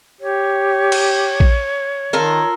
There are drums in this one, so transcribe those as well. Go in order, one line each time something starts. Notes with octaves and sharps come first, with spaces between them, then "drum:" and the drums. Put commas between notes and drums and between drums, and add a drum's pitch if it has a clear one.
G4 C#5
drum: cymbal
drum: kick A#1
D#3 F4 A4 A#4